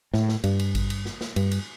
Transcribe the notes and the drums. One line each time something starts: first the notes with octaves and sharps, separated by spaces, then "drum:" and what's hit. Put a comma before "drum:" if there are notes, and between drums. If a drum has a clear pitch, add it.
A2, drum: snare
drum: snare
G2, drum: cymbal
drum: cymbal
drum: kick G#1, cymbal
drum: cymbal
drum: snare
drum: snare
G2, drum: cymbal
drum: cymbal